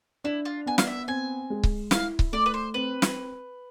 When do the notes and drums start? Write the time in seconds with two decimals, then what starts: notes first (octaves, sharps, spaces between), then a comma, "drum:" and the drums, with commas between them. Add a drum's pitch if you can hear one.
0.24 D4 E4
0.45 F4
0.66 B3 G#5
0.78 F5, drum: snare
0.87 E5
1.08 C4 G#5
1.50 G#3
1.63 drum: kick C#1
1.91 E4 F5, drum: snare
2.19 drum: kick C#1
2.33 A3 D5
2.46 B4
2.54 C5
2.74 C4 B4
3.02 drum: snare